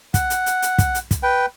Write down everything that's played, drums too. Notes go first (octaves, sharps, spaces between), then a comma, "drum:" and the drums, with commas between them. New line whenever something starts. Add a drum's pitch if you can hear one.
F#5, drum: kick, hi-hat
drum: hi-hat
drum: hi-hat
drum: hi-hat
drum: kick, hi-hat
drum: hi-hat
drum: kick, hi-hat
B4 G5